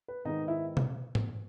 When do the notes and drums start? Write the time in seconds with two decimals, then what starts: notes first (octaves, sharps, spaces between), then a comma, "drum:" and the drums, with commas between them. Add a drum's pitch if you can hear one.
0.08 B4
0.25 G#2 D#3 G#3 B3 D#4 D#5
0.48 E4 E5
0.77 drum: tom
1.15 drum: tom G#2